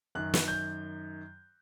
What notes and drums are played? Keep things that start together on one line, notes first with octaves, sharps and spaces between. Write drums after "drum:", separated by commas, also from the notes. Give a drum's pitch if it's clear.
F#2 D#3 F#6
drum: snare
G6